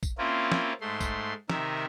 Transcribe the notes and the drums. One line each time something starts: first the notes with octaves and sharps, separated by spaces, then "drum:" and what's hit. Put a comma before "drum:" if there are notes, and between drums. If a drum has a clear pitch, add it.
drum: kick, tambourine
A#3 C4 C#4 E4 F4
drum: snare
G#2 A3 C6
drum: kick, tambourine
C3 D#3 A#4 E5, drum: snare